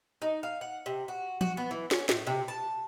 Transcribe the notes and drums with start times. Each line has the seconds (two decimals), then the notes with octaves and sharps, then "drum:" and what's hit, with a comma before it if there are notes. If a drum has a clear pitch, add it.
0.22 D#4
0.43 F5
0.61 F#5
0.86 C3
1.08 F#4
1.41 F#4, drum: tom F3
1.57 B3
1.71 E3
1.91 C#4, drum: snare
2.09 A2, drum: snare
2.27 C3
2.48 A5